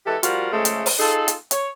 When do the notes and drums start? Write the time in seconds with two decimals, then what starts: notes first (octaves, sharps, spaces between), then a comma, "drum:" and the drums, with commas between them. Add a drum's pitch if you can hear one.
0.06 E3 G#3 G4 A4
0.23 F3 G3 F4 F#4 A#4, drum: hi-hat
0.53 C#3 F3 G#3 A3
0.65 drum: hi-hat
0.86 drum: open hi-hat
0.99 D#4 F4 G#4 A4
1.28 drum: hi-hat
1.51 C#5, drum: hi-hat